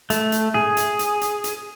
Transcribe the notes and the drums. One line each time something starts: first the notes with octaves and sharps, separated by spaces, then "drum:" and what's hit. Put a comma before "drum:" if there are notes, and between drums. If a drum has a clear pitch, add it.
A3, drum: hi-hat
drum: hi-hat
G#4, drum: tom
drum: hi-hat
drum: hi-hat
drum: hi-hat
drum: hi-hat